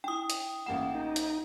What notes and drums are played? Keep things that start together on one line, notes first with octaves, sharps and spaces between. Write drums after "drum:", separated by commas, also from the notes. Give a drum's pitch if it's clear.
D4 E4 G5 D#6
drum: hi-hat
A1 A#3 F#5 A#5 E7
D#4
drum: hi-hat